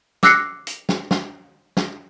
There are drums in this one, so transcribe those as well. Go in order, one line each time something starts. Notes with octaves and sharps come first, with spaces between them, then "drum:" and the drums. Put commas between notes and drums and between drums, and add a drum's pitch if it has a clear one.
D6 E6 F#6 A#6 C7 C#7, drum: snare
drum: hi-hat
drum: snare
drum: snare
drum: snare